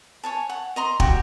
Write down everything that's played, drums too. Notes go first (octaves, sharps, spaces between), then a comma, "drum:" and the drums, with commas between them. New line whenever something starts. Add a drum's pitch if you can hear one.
C#5 G#5 A5
F#5
D#5 A#5 C6
F#4 G4 E5 G5, drum: kick